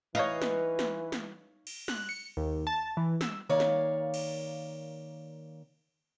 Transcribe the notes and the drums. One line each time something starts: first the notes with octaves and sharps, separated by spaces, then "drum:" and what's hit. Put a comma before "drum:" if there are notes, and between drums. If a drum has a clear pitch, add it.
E3 D#4 B4 C#5 D#5 F5
drum: snare
drum: snare
drum: snare
drum: cymbal
F#6, drum: snare
C#7
D#2
A5
E3
E6, drum: snare
D#3 A#3 C#5 D5 F5
drum: snare
drum: cymbal